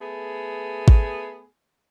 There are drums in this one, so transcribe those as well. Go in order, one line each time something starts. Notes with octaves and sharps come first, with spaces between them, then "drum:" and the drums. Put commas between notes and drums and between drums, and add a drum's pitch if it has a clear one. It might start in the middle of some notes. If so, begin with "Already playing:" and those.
A3 B3 G#4
drum: kick G#1